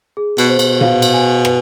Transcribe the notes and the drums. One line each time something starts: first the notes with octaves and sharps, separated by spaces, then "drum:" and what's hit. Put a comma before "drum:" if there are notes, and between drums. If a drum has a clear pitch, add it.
G#4
B2, drum: cymbal
C5
B2, drum: cymbal
F5, drum: tom A#2
drum: cymbal
G#5
B4, drum: rim click